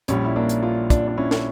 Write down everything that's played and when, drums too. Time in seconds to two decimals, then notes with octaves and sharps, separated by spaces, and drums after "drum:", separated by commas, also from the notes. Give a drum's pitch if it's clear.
0.08 A#1 A#2 G3 C#4, drum: hi-hat
0.25 E4
0.36 A#3 D4
0.49 drum: hi-hat
0.63 D4 F4
0.90 D4 F4, drum: kick, hi-hat
1.08 D4
1.17 C#4 E4
1.31 drum: snare